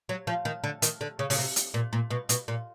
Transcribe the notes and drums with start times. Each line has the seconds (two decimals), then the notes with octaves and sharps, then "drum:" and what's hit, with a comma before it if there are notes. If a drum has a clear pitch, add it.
0.09 F#3
0.27 F3
0.45 D#3
0.64 D3
0.82 D#3, drum: hi-hat
1.01 D3
1.19 C#3
1.30 C#3, drum: open hi-hat
1.38 C3
1.56 drum: hi-hat
1.74 A#2
1.93 A#2
2.10 B2
2.29 B2, drum: hi-hat
2.48 A#2